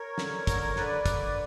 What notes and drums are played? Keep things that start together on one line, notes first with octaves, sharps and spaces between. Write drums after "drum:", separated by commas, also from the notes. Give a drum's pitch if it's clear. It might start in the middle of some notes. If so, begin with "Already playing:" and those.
Already playing: A#4 C#5
D3, drum: snare
D3, drum: kick, hi-hat
D3 B4 D5, drum: snare
D3, drum: kick, hi-hat